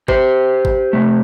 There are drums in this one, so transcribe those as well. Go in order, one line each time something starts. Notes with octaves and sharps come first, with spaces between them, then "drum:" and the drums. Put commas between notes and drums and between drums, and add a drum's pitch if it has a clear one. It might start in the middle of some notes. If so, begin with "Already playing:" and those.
G4 C5, drum: kick G#1
drum: kick G#1
C3 A3